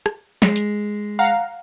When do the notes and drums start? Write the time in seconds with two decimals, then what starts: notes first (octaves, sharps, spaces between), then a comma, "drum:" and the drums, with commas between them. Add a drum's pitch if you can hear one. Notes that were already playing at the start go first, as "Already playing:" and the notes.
0.06 drum: rim click
0.42 G#3, drum: snare
0.56 drum: hi-hat
1.19 F5 F#5 A#5